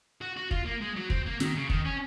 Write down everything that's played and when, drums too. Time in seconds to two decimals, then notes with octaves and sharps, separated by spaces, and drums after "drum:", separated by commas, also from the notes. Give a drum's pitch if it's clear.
0.21 F#4
0.36 F#4
0.51 F4, drum: kick
0.65 A#3
0.81 G#3
0.96 F#3
1.10 C4, drum: kick
1.26 A#3
1.40 D#3, drum: snare
1.56 C#3
1.70 D#3, drum: kick
1.85 C#4